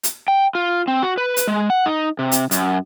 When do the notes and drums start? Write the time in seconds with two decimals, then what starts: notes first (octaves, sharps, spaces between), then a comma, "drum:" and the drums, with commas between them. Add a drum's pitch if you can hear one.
0.03 drum: hi-hat
0.28 G5
0.55 F4
0.88 C4
1.03 F#4
1.18 B4
1.37 drum: hi-hat
1.48 G#3
1.70 F#5
1.86 D#4
2.19 C3
2.32 drum: hi-hat
2.51 F#2, drum: hi-hat